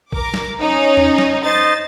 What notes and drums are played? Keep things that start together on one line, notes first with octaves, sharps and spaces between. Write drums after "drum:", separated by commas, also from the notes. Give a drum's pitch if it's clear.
A#4 D6, drum: kick
drum: snare
C#4 D#4
drum: tom E2
drum: snare
D#4 C5 D#5 A6